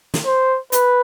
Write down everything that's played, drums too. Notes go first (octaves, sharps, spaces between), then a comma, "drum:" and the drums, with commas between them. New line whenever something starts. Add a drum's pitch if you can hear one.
drum: snare
C5
B4, drum: hi-hat